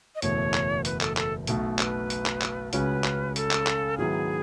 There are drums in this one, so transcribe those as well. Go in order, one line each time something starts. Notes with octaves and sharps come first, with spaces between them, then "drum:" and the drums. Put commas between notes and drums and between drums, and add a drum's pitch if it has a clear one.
D#5
F#1 E2 B2 A3 C#5, drum: hi-hat
drum: clap
B4, drum: hi-hat
A4, drum: clap
A4, drum: clap
B1 B2 A3, drum: hi-hat
B4, drum: clap
drum: hi-hat
drum: clap
drum: clap
C#2 C#3 G#3 C#4 F#4 B4, drum: hi-hat
drum: clap
A4, drum: hi-hat
drum: clap
drum: clap
G#2 D#3 F#3 B3 E4 G#4